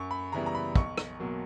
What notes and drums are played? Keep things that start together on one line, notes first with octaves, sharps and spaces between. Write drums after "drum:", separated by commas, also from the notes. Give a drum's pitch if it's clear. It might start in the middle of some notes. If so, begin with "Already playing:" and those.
Already playing: F#2 C#6
B5
C#3 E3 G3 B3 A#5
A#5
B5
B1 C#6, drum: kick
drum: rim click
B2 F#3 A#3